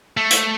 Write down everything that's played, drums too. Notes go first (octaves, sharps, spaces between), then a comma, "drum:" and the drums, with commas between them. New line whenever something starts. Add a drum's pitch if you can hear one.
A3
drum: hi-hat